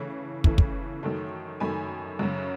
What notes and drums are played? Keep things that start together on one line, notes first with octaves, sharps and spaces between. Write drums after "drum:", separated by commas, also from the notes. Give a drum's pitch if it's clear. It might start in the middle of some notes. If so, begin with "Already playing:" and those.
Already playing: C#3 E3 A3
C#3 E3 A3, drum: kick
drum: kick
F#2 D#3 A3
F#2 D#3 A3 G#5 B5
F#2 C#3 F#3